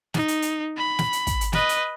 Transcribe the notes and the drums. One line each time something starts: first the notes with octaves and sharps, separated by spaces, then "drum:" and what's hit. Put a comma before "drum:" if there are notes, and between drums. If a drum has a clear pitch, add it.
D#4, drum: snare
drum: hi-hat
drum: hi-hat
B5
drum: snare
drum: hi-hat
drum: kick, hi-hat
drum: hi-hat
B4 D#5, drum: snare
drum: hi-hat